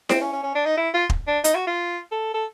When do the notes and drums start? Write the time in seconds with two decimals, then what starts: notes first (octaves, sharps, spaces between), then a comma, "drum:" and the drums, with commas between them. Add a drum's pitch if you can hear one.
0.09 C4, drum: snare E4
0.21 C#4
0.33 C#4
0.44 C#4
0.55 D4
0.66 D#4
0.77 E4
0.94 F4
1.10 drum: kick
1.27 D4
1.44 D#4, drum: hi-hat
1.55 F#4
1.67 F4
2.12 A4
2.34 A4